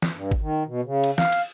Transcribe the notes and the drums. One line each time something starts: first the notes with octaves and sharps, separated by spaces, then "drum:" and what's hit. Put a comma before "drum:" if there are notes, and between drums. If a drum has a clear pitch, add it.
drum: snare
G2
drum: kick
D#3
B2
C#3
drum: cymbal
F5, drum: snare
drum: cymbal